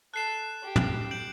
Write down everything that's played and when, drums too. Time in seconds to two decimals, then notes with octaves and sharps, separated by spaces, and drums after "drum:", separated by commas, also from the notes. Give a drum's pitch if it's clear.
0.14 A4 F#6 C7 E7
0.63 G4
0.76 drum: tom
1.11 G6 D7 F#7